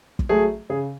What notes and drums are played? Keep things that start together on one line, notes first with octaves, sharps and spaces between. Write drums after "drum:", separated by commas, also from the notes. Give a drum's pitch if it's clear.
drum: kick
F#3 A3 G#4
C#3 G#4